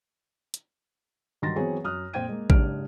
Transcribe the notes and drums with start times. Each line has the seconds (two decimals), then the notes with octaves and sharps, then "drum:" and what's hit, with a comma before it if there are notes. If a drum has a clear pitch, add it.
0.54 drum: hi-hat
1.42 G2 D#3 F#3 C6 A6 A#6
1.56 E3 F#3 B3 C4 G#4 C#5
1.84 F#2 D#6 F6 F#6
2.13 F2 A#2 C5 G5 G#6 D#7
2.29 G#3 A#3
2.50 F#1 G#2 D4 G4 F6 D7, drum: kick A1